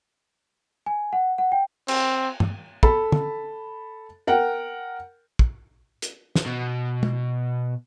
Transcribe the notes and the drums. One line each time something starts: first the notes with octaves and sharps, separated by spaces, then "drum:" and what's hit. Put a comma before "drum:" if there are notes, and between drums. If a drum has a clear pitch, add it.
G#5
F#5
F#5
G5
C4, drum: cymbal
drum: tom
A4 B5, drum: kick
drum: tom
A#4 F#5 G5
drum: kick
drum: hi-hat
drum: snare
B2
drum: tom